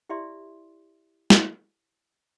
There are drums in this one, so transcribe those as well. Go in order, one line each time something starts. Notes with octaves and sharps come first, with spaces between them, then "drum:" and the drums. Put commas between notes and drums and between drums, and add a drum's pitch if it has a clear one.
E4 G4 D5 E5 C6
drum: snare